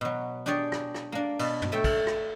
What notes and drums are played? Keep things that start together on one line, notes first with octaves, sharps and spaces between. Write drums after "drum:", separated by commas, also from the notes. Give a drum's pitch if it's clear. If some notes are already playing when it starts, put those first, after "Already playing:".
B2 F#3
D4 G4 G#4 C#5 D5
drum: rim click
drum: rim click
A#3 D4
B2, drum: cymbal
drum: tom
A3 C#5 E5 G5
drum: kick, cymbal
drum: rim click